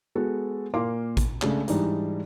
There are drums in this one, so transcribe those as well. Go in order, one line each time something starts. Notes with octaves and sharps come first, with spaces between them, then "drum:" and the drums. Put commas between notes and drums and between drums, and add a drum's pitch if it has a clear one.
G#3 B3 F#4 A4
A#2 A#3 F5 C6 D6
drum: kick A1, hi-hat
C#3 G#3 A3 D4, drum: clap
G#2 E3 G3 D4 D#4, drum: hi-hat